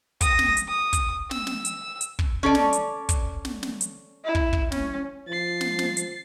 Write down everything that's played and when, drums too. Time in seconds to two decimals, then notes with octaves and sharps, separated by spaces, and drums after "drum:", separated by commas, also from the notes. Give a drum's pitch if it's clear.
0.21 D#6 A#6, drum: kick, hi-hat
0.39 drum: snare
0.57 drum: hi-hat
0.68 D#6
0.93 drum: kick, hi-hat
1.31 E6, drum: snare
1.47 drum: snare
1.65 drum: hi-hat
2.01 drum: hi-hat
2.19 drum: kick
2.43 C#4 A4 D5
2.55 drum: snare
2.73 drum: hi-hat
3.09 drum: kick, hi-hat
3.45 drum: snare
3.63 drum: snare
3.81 drum: hi-hat
4.25 E4
4.35 drum: kick
4.53 drum: kick
4.72 C#4, drum: snare
5.28 F3 A6 C7
5.61 drum: snare
5.79 drum: snare
5.97 drum: hi-hat